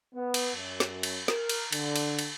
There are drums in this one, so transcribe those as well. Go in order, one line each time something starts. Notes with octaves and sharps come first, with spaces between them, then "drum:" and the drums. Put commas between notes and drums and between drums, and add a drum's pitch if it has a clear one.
B3
drum: cymbal
F#2
drum: snare
drum: cymbal
A#4, drum: snare
drum: cymbal
D3, drum: cymbal
drum: cymbal
drum: cymbal